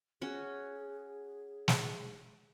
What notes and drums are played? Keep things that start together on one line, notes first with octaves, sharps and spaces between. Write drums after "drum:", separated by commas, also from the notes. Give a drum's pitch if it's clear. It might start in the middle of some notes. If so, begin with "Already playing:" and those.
C#4 F#4 G#4
drum: snare